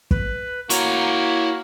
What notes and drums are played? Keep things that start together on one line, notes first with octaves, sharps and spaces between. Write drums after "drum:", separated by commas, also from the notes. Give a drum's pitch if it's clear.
B4, drum: kick
A#3 E4 F#4 C#5 A#5, drum: hi-hat